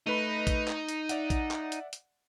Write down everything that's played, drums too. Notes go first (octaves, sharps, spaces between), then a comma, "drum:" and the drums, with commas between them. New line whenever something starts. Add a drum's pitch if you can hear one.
A3 D#4 B4 B5
drum: kick A#1, hi-hat
drum: clap
drum: hi-hat
D5 E5 F#5, drum: hi-hat
drum: kick A#1, hi-hat
drum: clap
drum: hi-hat
drum: hi-hat